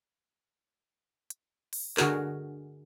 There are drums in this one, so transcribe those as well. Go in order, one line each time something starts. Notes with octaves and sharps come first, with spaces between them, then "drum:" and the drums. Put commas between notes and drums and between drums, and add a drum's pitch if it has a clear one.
drum: hi-hat
drum: open hi-hat
D3 F#4 G#4 A#4, drum: clap